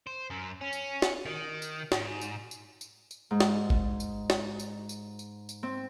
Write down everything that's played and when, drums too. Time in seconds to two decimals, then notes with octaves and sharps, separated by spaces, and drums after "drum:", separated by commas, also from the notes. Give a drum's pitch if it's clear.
0.07 C5
0.30 F#2
0.61 C#4
0.73 drum: tambourine
1.02 drum: snare
1.26 D#3
1.62 drum: tambourine
1.92 G#2, drum: snare
2.21 drum: tambourine
2.51 drum: tambourine
2.81 drum: tambourine
3.11 drum: tambourine
3.31 G#2
3.40 drum: snare
3.70 drum: kick G1
4.00 drum: tambourine
4.30 drum: snare
4.60 drum: tambourine
4.89 drum: tambourine
5.19 drum: tambourine
5.49 drum: tambourine
5.63 C4